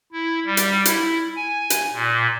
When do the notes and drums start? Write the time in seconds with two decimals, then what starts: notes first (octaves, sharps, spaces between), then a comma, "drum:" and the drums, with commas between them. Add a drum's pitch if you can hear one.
0.12 E4
0.45 G3
0.57 drum: hi-hat
0.85 E4, drum: hi-hat
1.36 G#5
1.70 drum: hi-hat
1.94 A#2